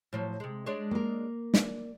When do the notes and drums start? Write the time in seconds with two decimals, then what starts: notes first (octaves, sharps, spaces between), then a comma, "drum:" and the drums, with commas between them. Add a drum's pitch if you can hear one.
0.13 A2 F3 F#3
0.40 C3 G#3
0.66 G#3 D4 C#5
0.91 A#3 A#4
1.54 D5, drum: snare